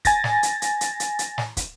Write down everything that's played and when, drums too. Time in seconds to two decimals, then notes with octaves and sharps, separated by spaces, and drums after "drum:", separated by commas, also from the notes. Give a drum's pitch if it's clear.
0.05 G#5 A6 A#6, drum: kick, hi-hat
0.24 drum: snare
0.43 drum: hi-hat
0.62 drum: hi-hat
0.81 drum: hi-hat
1.00 drum: hi-hat
1.19 drum: hi-hat
1.38 drum: snare
1.57 drum: kick, hi-hat